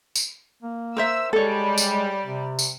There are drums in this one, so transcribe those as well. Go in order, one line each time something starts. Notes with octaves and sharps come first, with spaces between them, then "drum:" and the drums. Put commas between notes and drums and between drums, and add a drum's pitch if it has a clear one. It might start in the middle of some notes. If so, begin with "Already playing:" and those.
drum: tambourine
A#3
A#4 C5 E5 E6
G3 G#3 A4 C#5 D5
drum: tambourine
C3
drum: tambourine